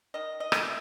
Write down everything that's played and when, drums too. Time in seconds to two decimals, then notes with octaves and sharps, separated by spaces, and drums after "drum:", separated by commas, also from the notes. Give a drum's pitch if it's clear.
0.14 D#3 D#5
0.40 D#5
0.52 G3 A#3 D4, drum: rim click
0.65 E5